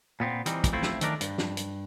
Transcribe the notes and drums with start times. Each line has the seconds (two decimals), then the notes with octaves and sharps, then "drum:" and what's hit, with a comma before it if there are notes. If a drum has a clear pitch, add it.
0.20 A#2 B3 C4
0.46 E3 G3 C4 D#4, drum: hi-hat
0.64 drum: kick, hi-hat
0.73 A3 C4 E4 F4
0.82 drum: snare
1.01 D#3 E3 A3 D4 A#4 D5, drum: hi-hat
1.21 G2, drum: hi-hat
1.38 drum: snare
1.57 drum: hi-hat